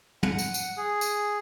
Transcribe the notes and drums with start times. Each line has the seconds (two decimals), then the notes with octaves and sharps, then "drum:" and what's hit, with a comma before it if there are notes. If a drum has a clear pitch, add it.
0.23 F#5, drum: tom
0.38 drum: tambourine
0.54 drum: tambourine
0.77 G#4
1.01 drum: tambourine